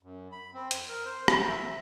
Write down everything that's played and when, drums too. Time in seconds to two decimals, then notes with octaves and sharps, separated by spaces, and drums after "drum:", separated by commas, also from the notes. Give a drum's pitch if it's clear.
0.03 F#2
0.32 B5
0.53 C4
0.71 F2, drum: hi-hat
0.88 A#4
1.05 C5
1.28 A3, drum: rim click
1.48 E5